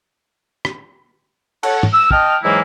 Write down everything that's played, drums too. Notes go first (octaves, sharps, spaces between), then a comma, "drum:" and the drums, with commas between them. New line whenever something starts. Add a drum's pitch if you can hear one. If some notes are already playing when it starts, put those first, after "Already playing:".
drum: rim click
A4 C#5 F#5, drum: cymbal
drum: tom
E6
D#5 G5 A5 F6, drum: kick
G#2 E3 F#3 G#3 A#3 E4